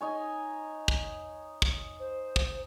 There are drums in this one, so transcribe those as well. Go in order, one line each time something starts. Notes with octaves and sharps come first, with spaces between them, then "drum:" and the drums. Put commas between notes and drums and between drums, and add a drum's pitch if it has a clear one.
D#4 C#5 G#5
drum: kick
drum: kick
C5
drum: kick